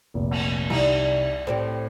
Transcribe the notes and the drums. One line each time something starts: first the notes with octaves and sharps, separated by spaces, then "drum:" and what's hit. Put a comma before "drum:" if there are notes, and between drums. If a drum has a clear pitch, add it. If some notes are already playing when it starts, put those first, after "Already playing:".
F1 A#1
drum: cymbal
C2 G3 D#4, drum: cymbal
A2 C4 G4 C5 D5